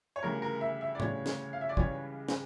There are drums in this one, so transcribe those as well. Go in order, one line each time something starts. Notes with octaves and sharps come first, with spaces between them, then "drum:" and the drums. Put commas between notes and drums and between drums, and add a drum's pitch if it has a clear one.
C#5
D2 C#3 E3 G3 A#4
A#4
E5
E5
D5
D2 C#3 E3 G3 C#5, drum: tom A2
drum: snare
F5
E5
D5
C#2 C#3 E3 G3 C#5, drum: kick
drum: snare